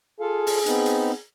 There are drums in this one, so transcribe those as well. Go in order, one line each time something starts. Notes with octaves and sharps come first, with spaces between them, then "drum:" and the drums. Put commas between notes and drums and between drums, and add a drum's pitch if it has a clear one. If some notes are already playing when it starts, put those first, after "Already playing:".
F4 G#4 A4 F5
drum: open hi-hat
B3 C4 D#4, drum: hi-hat
drum: hi-hat